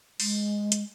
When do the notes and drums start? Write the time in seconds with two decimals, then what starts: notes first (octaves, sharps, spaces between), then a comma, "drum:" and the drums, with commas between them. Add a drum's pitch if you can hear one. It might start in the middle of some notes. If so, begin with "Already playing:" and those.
0.20 G#3, drum: open hi-hat
0.72 drum: hi-hat